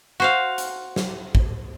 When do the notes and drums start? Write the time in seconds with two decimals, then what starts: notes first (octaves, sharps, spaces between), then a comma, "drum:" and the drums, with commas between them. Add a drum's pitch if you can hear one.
0.20 F#4 C5 F5
0.58 drum: hi-hat
0.96 drum: snare
1.35 drum: kick